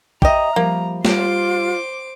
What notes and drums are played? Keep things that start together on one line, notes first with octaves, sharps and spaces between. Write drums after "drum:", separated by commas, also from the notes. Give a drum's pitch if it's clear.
G4 C#5 D#5 E5 A#5, drum: kick
F3 G3 A#3
G3 F4 C5 D6, drum: snare